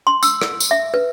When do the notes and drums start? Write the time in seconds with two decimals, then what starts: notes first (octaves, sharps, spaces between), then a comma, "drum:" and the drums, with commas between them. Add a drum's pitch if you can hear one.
0.07 C6
0.23 E6, drum: tambourine
0.42 drum: rim click
0.60 drum: tambourine
0.71 E5
0.94 B4